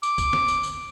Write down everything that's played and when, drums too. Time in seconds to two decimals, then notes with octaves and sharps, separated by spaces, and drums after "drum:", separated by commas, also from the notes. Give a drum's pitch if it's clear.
0.03 D6, drum: tambourine
0.18 drum: kick, tambourine
0.33 drum: snare
0.48 drum: tambourine
0.63 drum: tambourine